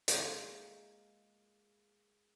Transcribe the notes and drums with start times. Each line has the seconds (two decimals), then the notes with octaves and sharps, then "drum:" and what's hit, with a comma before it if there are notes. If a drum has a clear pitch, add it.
0.08 G#3 A#3 F4 C5 E5, drum: hi-hat